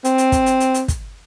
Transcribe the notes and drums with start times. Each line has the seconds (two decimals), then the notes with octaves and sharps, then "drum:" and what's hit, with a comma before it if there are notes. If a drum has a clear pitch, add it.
0.04 C4, drum: hi-hat
0.18 drum: hi-hat
0.32 drum: kick, hi-hat
0.46 drum: hi-hat
0.60 drum: hi-hat
0.74 drum: hi-hat
0.88 drum: kick, hi-hat